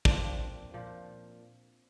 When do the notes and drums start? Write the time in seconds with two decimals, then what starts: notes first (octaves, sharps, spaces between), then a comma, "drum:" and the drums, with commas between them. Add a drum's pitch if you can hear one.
0.05 D4, drum: kick
0.10 A#2 F3 C4
0.74 A#2 F3